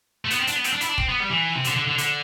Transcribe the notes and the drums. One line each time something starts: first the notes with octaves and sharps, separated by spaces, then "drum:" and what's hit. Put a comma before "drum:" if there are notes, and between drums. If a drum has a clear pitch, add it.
A3
B3, drum: hi-hat
C4
D4, drum: hi-hat
B3
C4, drum: hi-hat
D4
E4, drum: hi-hat
D4
C4, drum: kick
B3
G3
E3
C3
D3, drum: hi-hat
D3
D3
D3, drum: hi-hat